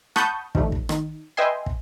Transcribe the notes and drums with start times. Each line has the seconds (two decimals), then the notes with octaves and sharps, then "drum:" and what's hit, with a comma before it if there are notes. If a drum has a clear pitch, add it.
0.16 F#5 A5 B5 C#6 D#6 G6, drum: rim click
0.55 D#3 F3 G3 A3, drum: kick
0.72 drum: kick
0.89 D#3, drum: rim click
1.37 B4 D#5 E5 G5 G#5 C6
1.66 drum: kick